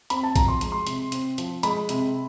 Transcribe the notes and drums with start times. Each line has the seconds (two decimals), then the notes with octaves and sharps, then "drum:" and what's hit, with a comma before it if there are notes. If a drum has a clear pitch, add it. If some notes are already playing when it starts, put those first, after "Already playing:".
0.10 C4 B5, drum: hi-hat
0.23 A5
0.36 F3 A#5, drum: kick, hi-hat
0.48 C6
0.61 G#3, drum: hi-hat
0.72 C6
0.87 C3, drum: hi-hat
1.12 C4, drum: hi-hat
1.38 F3, drum: hi-hat
1.63 G#3 B5, drum: hi-hat
1.89 C3, drum: hi-hat